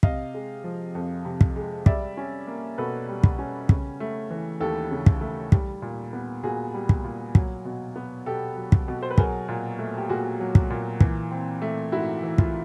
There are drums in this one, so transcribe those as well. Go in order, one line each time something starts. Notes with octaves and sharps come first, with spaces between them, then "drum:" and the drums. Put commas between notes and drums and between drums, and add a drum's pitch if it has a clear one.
C3 D#5 F5, drum: kick
G#3
F3
F2
C3
drum: kick
G#3
G3 D5 E5, drum: kick
C#4
A#3
B2 A4 B4
G3
drum: kick
C#4
C#3, drum: kick
A3
E3
D#2 G4 A4
C#3
drum: kick
A3
G3, drum: kick
A#2
B3
A#2 F#4 G#4
G3
drum: kick
A#2
F#3, drum: kick
B2
B3
B2 G4 A4
F#3
drum: kick
B2
C5
B4
F#3 G#4 A#4, drum: kick
A#2
A3
G4
A#2 F#4 G#4
F#3
drum: kick
A#2
E3, drum: kick
C4
A3
G#2 E4 F#4
E3
F4, drum: kick